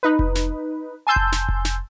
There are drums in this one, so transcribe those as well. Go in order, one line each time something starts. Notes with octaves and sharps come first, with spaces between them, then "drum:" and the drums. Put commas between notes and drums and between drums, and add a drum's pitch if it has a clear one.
D#4 B4
drum: kick F1
drum: snare
G#5 A5 C6 E6 G6
drum: kick F1
drum: snare
drum: kick F1
drum: snare